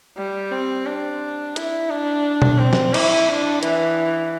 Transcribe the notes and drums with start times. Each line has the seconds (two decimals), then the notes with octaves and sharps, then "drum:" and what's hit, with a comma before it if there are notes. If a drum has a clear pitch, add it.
0.18 G3
0.51 C4
0.86 D4
1.56 E4, drum: hi-hat
1.90 D4
2.42 drum: tom B2
2.59 C4
2.73 drum: snare
2.94 E4, drum: cymbal
3.29 D4
3.63 E3, drum: hi-hat